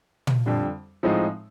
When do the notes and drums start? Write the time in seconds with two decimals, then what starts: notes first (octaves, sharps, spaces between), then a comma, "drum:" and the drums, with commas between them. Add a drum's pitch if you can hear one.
0.27 drum: tom
0.46 F2 D3 G3
1.03 A2 F3 G#3 C4 D#4